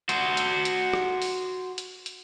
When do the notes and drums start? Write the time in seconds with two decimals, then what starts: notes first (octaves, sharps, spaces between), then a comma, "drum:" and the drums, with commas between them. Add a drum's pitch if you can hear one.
0.09 F#4 C5, drum: hi-hat
0.37 drum: hi-hat
0.65 drum: hi-hat
0.93 drum: rim click
1.22 drum: open hi-hat
1.78 drum: hi-hat
2.06 drum: hi-hat